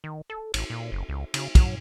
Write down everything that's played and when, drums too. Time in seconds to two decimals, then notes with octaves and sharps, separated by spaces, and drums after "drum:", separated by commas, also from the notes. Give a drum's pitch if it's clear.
0.04 D#3
0.30 A4
0.54 A1, drum: cymbal
0.70 A#2
0.92 F#1
1.09 C#2
1.34 C#3, drum: cymbal
1.55 F#3, drum: kick, cymbal